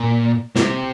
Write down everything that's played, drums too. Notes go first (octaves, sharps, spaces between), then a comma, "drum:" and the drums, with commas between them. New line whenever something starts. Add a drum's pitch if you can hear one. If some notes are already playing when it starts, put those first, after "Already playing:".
Already playing: A#2
C3, drum: snare